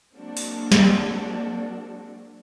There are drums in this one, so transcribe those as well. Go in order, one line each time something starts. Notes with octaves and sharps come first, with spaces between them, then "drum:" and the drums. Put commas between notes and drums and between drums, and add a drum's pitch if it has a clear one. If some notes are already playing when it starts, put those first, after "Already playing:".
F#3 G#3 A#3 C4 D4 F#4
drum: open hi-hat
drum: snare